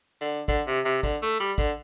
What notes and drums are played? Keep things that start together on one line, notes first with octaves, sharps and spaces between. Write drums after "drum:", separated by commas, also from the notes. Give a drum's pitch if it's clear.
D3
D3, drum: kick, tambourine
C3
C3
D3, drum: kick, tambourine
A3
G3
D3, drum: kick, tambourine